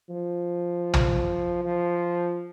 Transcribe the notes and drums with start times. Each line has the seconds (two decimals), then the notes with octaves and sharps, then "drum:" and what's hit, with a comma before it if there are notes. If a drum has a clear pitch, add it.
0.09 F3
0.94 drum: tom
1.64 F3